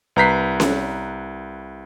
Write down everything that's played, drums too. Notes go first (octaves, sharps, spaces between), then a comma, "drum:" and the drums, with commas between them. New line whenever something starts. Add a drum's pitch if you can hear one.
C2 B4 A#5 G6 B6 C7
drum: snare C#4